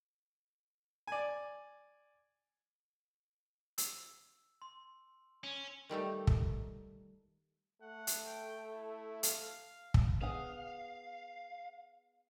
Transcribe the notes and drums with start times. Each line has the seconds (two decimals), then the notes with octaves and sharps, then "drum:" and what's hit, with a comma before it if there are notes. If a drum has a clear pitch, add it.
1.07 D5 G#5
3.78 E6, drum: hi-hat
4.62 C6
5.44 C#4
5.89 D#3 G3 A3 D#4
6.27 drum: kick
7.82 A3 F#5
8.07 drum: hi-hat
8.26 G5
8.72 E4
9.23 F5, drum: hi-hat
9.94 drum: kick
10.21 B3 G#4 F5 F#5